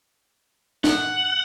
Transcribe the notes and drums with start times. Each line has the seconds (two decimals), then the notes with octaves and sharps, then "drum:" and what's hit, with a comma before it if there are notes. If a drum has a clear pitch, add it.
0.84 F#5, drum: snare